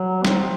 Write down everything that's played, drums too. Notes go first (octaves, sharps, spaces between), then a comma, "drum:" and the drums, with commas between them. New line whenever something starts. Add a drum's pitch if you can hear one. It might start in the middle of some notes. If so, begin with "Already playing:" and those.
Already playing: F#3
C4, drum: snare